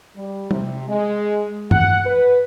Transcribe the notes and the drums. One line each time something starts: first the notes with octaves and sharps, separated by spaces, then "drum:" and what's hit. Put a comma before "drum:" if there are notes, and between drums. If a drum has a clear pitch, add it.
G3
C3, drum: tom
G#3
F#5, drum: tom G2
B4